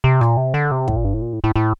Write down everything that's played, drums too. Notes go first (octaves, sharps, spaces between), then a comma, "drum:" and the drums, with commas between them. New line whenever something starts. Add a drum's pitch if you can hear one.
C3
A#2, drum: rim click
C3
D3
C3
A2, drum: kick
A#2
G2
A2
A#2
A2
A2
A2